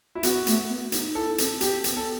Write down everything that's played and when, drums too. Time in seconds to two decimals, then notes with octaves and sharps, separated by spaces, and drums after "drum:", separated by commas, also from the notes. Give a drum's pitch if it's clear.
0.15 E4
0.23 B3 F#4, drum: hi-hat
0.47 A3, drum: hi-hat
0.69 B3
0.92 D#4, drum: hi-hat
1.15 E4 A4
1.38 C4, drum: hi-hat
1.61 B3 G4, drum: hi-hat
1.84 B3, drum: hi-hat
1.96 A4